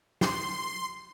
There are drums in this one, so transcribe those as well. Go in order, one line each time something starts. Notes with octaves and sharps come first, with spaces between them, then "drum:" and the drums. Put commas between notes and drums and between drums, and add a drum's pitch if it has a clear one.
C6, drum: snare